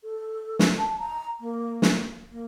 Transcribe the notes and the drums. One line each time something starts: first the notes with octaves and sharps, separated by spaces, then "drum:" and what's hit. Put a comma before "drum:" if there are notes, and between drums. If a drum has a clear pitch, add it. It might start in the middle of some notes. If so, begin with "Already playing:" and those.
A4
drum: snare
A5
A#5
A#3
drum: snare
A#3